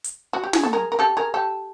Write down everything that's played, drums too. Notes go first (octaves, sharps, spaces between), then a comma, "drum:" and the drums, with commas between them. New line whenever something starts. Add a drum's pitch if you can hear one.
drum: hi-hat
F#4
G4
G#4, drum: snare
A4
G#4 A#4
A#4
G4 A4
G#4 A#4
G4 A4